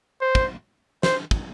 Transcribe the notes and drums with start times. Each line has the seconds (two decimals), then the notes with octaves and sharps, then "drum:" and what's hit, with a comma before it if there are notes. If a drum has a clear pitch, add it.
0.21 C5
0.35 drum: kick
1.03 C5, drum: snare
1.31 drum: kick